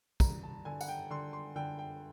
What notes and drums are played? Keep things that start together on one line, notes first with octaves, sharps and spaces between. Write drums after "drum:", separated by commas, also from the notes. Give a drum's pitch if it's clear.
G2 A#5, drum: kick, tambourine
A5
D3 G#5
F#5, drum: tambourine
G5
D3 C6
C6
D3 G5
G5